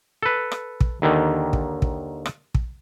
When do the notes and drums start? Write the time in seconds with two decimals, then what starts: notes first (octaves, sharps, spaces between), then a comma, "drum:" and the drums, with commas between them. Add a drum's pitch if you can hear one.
0.23 A4 B4
0.52 drum: rim click
0.81 drum: kick
1.02 D#2 D3 D#3
1.53 drum: kick
1.82 drum: kick
2.26 drum: rim click
2.55 drum: kick